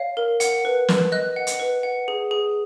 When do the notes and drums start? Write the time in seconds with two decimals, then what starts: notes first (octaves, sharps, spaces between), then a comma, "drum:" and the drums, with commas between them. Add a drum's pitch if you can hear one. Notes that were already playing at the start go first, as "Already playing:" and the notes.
Already playing: C#5 F5
0.17 A#4
0.40 F#5, drum: hi-hat
0.65 B4
0.88 B4, drum: snare
1.12 D#5 F#6
1.36 F#5
1.47 drum: hi-hat
1.59 B4
1.83 F#5
2.08 G#4
2.31 G#4